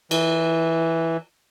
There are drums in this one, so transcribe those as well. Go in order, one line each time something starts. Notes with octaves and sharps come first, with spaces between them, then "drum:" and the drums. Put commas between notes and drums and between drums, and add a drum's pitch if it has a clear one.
E3, drum: cymbal